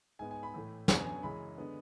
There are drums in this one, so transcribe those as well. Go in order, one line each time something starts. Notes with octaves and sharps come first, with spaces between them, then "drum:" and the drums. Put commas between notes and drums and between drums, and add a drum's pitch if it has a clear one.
G#2 G#3 B3 G#5
G#5
B5
A2 E3 A3
F#2 D3 F#3 B3 G#5, drum: snare
G#5
F#2 C#3 E3 G#3 B5
D3 G#3 B3